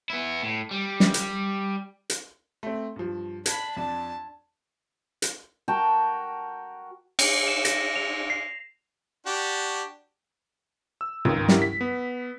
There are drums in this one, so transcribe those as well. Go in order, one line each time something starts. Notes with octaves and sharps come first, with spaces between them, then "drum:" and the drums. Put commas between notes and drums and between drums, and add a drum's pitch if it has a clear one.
B3 E4
A2
G3
drum: snare
drum: hi-hat
drum: hi-hat
A3 C4
G2 F3
D4 B5 G#6, drum: hi-hat
F2 D4 D5 A5
drum: hi-hat
F#4 A#4 G5 A5
A#6, drum: cymbal
E7
A#6, drum: hi-hat
F7
C7
D4 F#4 G4
E6
C#2 D#3, drum: tom
E4 F#4 G4 A#4, drum: snare
B6
B3